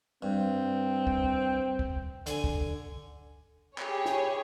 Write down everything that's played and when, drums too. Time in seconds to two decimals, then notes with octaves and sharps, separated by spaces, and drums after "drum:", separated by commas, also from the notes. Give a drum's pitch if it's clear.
0.22 G2 C4
1.07 drum: kick
1.79 drum: kick
2.26 D3 G#5, drum: hi-hat
2.44 drum: kick
3.78 E4 G4 G#4 C#5, drum: clap
4.05 drum: snare